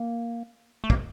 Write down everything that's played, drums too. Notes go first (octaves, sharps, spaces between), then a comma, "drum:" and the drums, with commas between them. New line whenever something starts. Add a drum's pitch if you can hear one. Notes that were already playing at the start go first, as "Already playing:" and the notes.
Already playing: A#3
A3
A#3, drum: kick